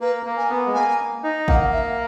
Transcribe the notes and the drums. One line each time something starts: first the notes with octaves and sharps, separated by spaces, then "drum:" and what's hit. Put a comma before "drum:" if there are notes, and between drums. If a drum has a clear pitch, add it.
A#3 B4
A#3
G#5
B3
G#3
A#3 G#5
D#4
A#3 F#5, drum: kick
E5